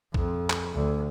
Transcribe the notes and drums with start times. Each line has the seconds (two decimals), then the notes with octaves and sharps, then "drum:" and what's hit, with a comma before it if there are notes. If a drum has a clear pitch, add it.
0.14 F2, drum: kick
0.50 drum: clap
0.74 D2